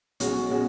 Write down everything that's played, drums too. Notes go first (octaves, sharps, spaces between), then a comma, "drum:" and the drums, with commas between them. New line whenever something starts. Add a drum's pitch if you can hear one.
B1 B2 G#3 C#4 F#4, drum: hi-hat
B2 G#3 C#4 F#4